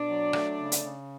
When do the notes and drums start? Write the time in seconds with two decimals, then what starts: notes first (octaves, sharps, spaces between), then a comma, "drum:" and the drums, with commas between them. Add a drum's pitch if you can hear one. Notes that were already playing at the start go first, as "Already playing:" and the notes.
Already playing: B2 D4 D5
0.08 F#3
0.33 A3, drum: rim click
0.58 C#3
0.72 drum: hi-hat
0.84 C#3